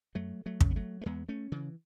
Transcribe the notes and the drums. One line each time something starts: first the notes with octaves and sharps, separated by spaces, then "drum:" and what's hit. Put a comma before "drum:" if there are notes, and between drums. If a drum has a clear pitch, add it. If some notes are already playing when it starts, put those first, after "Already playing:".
F#2 F#3 A3
F#3 A3
C#3, drum: kick
B3
F#3 A3
A3
E2 G#3 B3
A3 C#4
C#3 E3